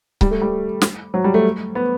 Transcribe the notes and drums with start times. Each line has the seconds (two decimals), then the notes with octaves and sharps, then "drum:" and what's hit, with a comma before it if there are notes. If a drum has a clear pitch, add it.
0.21 G3, drum: kick C#1
0.31 A3
0.42 G3
0.82 drum: snare
1.14 F#3
1.24 G3
1.34 A3
1.75 B3